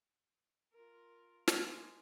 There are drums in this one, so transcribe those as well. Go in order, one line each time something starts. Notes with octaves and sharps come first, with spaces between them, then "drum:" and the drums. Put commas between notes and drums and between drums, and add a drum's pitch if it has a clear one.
F4 A#4
G#3 A#3, drum: snare